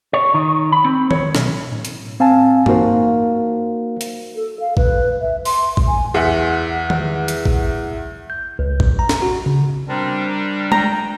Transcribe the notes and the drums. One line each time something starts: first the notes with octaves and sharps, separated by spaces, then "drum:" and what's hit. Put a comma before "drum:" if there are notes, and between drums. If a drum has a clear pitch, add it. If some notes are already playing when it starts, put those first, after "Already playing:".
C#5
D#3
B5
C4
C#5, drum: tom D#3
B1, drum: snare
A2
drum: hi-hat
C4 F5 G#5 A5
A#3 D#4 F#4 A#4 C5 F5, drum: tom
drum: hi-hat
A4
F5
B4, drum: kick A1
E5
C6, drum: open hi-hat
drum: kick A1
G#5
E2 E5 F#5
drum: tom D#3
drum: hi-hat
drum: kick A1
G6
C#2
drum: kick A1
A#5
drum: snare
F#4
C#3
G3 C4 D4 A#4
A#4
G5 A#5, drum: tom G#3